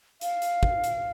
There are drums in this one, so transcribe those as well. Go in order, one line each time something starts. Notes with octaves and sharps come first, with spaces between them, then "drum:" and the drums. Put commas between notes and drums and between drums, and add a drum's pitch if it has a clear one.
F5, drum: hi-hat
drum: hi-hat
drum: kick
drum: hi-hat